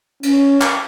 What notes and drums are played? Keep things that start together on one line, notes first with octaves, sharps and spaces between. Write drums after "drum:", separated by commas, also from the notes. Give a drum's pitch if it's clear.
C#4, drum: cymbal
drum: clap